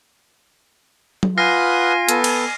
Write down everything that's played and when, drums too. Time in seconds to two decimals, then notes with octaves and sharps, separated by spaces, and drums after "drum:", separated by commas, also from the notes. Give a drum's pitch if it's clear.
1.23 drum: tom F#3
1.38 F4 B4 F#5 G#5 D#6 F6 A#6 C7
2.09 B3 A4, drum: hi-hat
2.24 drum: cymbal